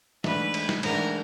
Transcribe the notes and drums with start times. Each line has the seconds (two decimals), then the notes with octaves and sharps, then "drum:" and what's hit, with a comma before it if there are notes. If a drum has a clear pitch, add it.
0.24 G#2 E3 A3 D4 B4, drum: snare
0.54 drum: cymbal
0.69 drum: snare
0.83 G#2 E3 A3 D4 A#4, drum: cymbal